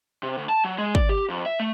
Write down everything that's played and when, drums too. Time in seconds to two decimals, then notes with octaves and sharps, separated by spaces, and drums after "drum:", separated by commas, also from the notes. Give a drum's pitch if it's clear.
0.23 C3
0.38 D2
0.49 A5
0.65 F#3
0.78 G#3
0.95 D5, drum: kick
1.09 G4
1.30 F2
1.46 E5
1.60 A3